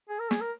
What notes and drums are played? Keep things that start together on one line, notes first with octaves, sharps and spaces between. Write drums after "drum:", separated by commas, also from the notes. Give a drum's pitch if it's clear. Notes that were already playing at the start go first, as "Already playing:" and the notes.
G#4
A#4
G#4, drum: snare
A#4